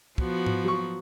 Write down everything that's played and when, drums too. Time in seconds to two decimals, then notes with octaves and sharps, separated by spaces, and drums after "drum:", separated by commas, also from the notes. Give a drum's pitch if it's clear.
0.18 F3 B3 F#4, drum: kick
0.46 drum: tom G#2
0.64 F#3 C#6